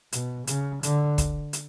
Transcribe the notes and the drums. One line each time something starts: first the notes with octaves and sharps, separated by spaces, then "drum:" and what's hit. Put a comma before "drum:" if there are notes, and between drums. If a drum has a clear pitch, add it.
B2, drum: hi-hat
C#3, drum: hi-hat
D3, drum: hi-hat
drum: kick, hi-hat
drum: hi-hat